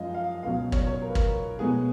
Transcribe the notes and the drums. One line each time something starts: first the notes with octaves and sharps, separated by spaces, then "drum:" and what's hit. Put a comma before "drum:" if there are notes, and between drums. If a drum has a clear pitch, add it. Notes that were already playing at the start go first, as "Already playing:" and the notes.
Already playing: F#2 F3 G#3 D#5 F5
F5
C#2 B2 F#3 F5
C#5, drum: kick
C#5
A#4
B4
A#4, drum: kick
B2 G#3 B3 G#4